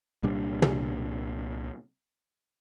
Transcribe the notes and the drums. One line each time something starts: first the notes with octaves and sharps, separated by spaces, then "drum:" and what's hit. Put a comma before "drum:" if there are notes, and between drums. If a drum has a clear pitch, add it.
C2 A#2 G3 D4
drum: tom